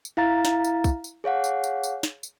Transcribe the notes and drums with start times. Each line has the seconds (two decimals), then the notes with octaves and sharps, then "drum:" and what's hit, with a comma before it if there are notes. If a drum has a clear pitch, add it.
0.05 drum: tambourine
0.17 E4 F5 A#5 A6
0.45 drum: snare
0.64 drum: tambourine
0.84 drum: kick, tambourine
1.04 drum: tambourine
1.24 G#4 C#5 F5 F#5
1.44 drum: tambourine
1.64 drum: tambourine
1.83 drum: tambourine
2.03 drum: snare
2.23 drum: tambourine